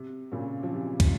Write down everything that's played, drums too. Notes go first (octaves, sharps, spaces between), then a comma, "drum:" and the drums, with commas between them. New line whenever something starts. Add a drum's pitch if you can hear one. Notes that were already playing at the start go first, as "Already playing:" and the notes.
Already playing: C3
A#2 C#3
F3
C3 E3
drum: kick, cymbal